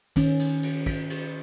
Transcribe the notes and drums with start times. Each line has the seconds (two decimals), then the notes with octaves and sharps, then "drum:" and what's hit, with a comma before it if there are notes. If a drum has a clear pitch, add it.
0.16 D#3 C#4, drum: kick, cymbal
0.39 drum: cymbal
0.63 drum: cymbal
0.86 drum: kick, cymbal
1.10 drum: cymbal